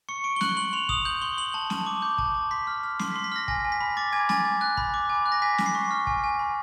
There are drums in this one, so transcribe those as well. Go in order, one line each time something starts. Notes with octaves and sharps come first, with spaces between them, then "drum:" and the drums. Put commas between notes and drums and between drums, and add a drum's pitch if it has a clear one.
C#6 C#7
C#6 D7
G7
F#6 F#7, drum: snare
C6 F#7
C6 F7
D#6 F7, drum: kick
G6 F#7
C6 G7
C6 F#7
A5
A5, drum: snare
D6
G6
A5, drum: kick
A5
C6 B6
F6
F6
C6 C7, drum: snare
B6
C6
B6
F6 A#6
G#5 A#6, drum: kick
G#5
B6
B5
D6 A6
G#5 G#6
G#5 A6, drum: snare
G#5
F#6
B5, drum: kick
D6
G#5
F#6
A#6
G#5 B6
G#5, drum: snare
C7
C#6
F6
G#5, drum: kick
G#5
B5